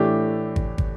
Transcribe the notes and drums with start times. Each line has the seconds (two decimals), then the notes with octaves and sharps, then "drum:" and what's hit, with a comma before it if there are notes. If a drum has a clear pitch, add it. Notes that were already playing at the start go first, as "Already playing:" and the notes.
Already playing: A2 E3 A3 D4 G4
0.56 drum: kick
0.78 drum: kick